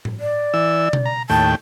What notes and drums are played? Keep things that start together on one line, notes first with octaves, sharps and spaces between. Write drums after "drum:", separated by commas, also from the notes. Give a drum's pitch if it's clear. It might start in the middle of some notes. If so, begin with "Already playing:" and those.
drum: tom A2
D5
E3 E6
drum: tom B2
A#5
D#2 A2 G5 A5